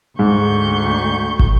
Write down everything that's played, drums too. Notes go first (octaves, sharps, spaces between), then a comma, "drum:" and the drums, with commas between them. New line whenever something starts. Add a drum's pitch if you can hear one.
D2 G#2 C#6 G6
drum: kick